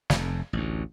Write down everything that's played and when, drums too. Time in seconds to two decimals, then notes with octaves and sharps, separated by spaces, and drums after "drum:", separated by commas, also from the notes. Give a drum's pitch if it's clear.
0.10 F1 F2, drum: snare
0.53 A1 D2